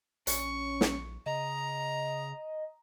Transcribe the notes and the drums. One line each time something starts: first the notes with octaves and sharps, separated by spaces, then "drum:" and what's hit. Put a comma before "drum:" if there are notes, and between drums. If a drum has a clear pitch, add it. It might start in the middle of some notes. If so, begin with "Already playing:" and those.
A#1 C#4 C#6, drum: hi-hat
drum: snare
C#3 D#5 A#5